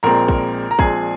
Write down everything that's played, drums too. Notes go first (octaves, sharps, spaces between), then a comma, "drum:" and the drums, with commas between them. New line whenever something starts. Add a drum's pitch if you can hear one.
A#1 A#2 G#3 C4 A#4 A#5
drum: kick
A#5
A#1 A#2 G#3 C4 G#4 G#5, drum: kick